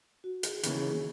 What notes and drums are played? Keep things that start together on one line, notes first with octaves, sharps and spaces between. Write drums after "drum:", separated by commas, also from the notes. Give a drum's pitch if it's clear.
F#4
G#4, drum: hi-hat
D#2 C#3 E3, drum: hi-hat
G#4
G#4